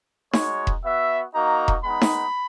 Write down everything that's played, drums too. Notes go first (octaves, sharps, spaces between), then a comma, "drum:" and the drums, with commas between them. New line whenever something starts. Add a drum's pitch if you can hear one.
G#3 D#4 F#4 C#5, drum: snare D#4
drum: kick E1
B3 F#4 E5
A#3 D#4 F#4 A#5
drum: kick E1
G#3 B3 D#4 B5
drum: snare D#4